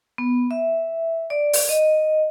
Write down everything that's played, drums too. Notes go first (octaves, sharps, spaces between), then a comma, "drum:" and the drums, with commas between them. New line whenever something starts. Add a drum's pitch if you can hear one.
B3
E5
D5
drum: open hi-hat
D#5